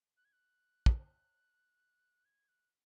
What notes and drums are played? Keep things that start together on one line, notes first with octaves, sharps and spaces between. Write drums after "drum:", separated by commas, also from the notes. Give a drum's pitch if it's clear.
F#6
G#6
F#6
drum: kick
G#6
F#6